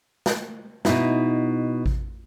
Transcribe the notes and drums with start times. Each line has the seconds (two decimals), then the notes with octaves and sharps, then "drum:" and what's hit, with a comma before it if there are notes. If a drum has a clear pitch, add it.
0.26 drum: snare
0.85 B2 D#4 E4, drum: snare
1.86 drum: kick A1